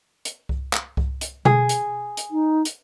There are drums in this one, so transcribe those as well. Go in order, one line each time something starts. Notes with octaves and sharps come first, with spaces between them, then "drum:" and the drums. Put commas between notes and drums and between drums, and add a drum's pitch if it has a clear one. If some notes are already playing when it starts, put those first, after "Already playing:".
drum: hi-hat
drum: kick C2
drum: clap
drum: kick C2
drum: hi-hat
G#4, drum: tom B2
drum: hi-hat
drum: hi-hat
D#4
drum: hi-hat